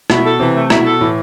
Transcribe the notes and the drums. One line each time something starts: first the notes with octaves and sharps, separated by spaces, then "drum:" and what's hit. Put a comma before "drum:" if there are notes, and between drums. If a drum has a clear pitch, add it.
B2 E4, drum: rim click
A4
C3 E3
A3
B2 E4, drum: rim click
A4
A2 E3